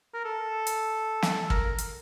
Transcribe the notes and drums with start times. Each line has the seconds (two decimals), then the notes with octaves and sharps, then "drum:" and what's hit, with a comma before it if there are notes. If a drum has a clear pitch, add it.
0.14 A#4
0.25 A4
0.67 drum: hi-hat
1.22 drum: snare
1.50 A#4, drum: kick
1.78 drum: hi-hat